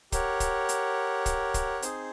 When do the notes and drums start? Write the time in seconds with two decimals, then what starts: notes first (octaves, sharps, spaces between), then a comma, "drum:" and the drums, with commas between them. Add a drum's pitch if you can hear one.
0.12 G4 A#4 C#5 F#5, drum: kick, hi-hat
0.40 drum: kick, hi-hat
0.69 drum: hi-hat
1.26 drum: kick, hi-hat
1.54 drum: kick, hi-hat
1.82 C4 D#4 G#4 C5, drum: hi-hat